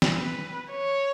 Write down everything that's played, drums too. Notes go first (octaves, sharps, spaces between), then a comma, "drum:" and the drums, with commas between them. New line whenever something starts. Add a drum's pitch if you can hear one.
drum: snare
B4
C#5